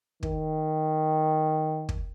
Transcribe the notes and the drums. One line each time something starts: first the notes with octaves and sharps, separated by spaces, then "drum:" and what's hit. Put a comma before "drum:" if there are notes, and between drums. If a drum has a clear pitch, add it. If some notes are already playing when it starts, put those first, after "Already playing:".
D#3, drum: kick
drum: kick